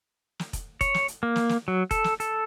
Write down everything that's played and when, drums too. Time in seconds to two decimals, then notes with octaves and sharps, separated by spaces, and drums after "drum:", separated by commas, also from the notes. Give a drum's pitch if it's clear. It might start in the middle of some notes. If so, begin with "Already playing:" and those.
0.39 drum: snare
0.53 drum: kick F1, hi-hat
0.81 C#5, drum: kick F1, hi-hat
0.94 drum: snare
1.08 drum: hi-hat
1.23 A#3
1.36 drum: snare
1.49 drum: snare
1.68 F#3
1.91 A4, drum: kick F1, hi-hat
2.04 drum: snare
2.20 A4, drum: hi-hat